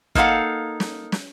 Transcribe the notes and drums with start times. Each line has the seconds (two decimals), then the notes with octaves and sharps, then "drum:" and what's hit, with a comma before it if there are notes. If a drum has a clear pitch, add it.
0.15 A#3 D#4 A4 B4 F5 F#5, drum: kick
0.80 drum: snare
1.12 drum: snare